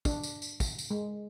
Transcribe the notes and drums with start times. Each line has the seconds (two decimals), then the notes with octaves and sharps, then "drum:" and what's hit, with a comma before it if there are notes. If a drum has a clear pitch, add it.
0.05 D4, drum: kick, tambourine
0.23 drum: tambourine
0.42 drum: tambourine
0.60 drum: kick, tambourine
0.79 drum: tambourine
0.90 G#3